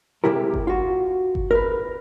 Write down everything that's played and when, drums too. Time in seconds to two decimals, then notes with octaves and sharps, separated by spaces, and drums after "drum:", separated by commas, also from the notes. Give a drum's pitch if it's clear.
0.24 C3 G#3 E4 G4 A#4
0.54 drum: kick G1
0.67 F4 F#4
1.35 drum: kick G1
1.51 A#4 B4